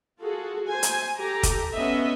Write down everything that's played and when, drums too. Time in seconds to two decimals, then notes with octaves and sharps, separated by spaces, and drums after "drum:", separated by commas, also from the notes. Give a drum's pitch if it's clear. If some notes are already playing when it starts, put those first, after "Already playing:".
0.20 F4 F#4 G#4 A4
0.67 C5 G#5
0.83 drum: hi-hat
1.18 G4 A4 A#5
1.43 drum: kick, hi-hat
1.74 B3 C#4 D#5 E5